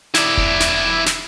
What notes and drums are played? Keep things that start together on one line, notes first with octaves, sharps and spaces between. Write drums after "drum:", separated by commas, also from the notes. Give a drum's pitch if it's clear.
E4 D5, drum: snare
drum: kick E1
drum: snare
drum: snare